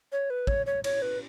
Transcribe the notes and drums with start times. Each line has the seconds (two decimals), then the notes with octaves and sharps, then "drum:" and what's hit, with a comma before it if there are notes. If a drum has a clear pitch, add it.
0.12 C#5
0.30 B4
0.47 C#5, drum: kick
0.66 C#5
0.84 C#5, drum: cymbal
1.02 B4